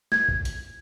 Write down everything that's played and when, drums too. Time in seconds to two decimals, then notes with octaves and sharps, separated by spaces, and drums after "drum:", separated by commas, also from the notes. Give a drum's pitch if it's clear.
0.12 G#6, drum: snare
0.28 drum: kick A#1
0.45 drum: hi-hat